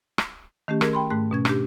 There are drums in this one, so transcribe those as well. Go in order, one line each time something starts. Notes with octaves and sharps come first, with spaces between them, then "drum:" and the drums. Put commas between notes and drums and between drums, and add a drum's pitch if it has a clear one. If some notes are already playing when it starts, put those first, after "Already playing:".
drum: rim click
D#3 A3 C#4 G4
G#4 A#4, drum: rim click
G5 B5 C6
G#2 A3 F#6
B2 C#4 G#6
D4 G4, drum: rim click